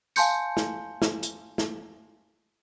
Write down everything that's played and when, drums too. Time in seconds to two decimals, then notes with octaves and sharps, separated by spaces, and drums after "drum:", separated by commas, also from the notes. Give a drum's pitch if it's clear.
0.16 F5 G#5 A5 C6 G6 C#7, drum: tambourine
0.57 drum: snare
1.02 drum: snare
1.23 drum: hi-hat
1.58 drum: snare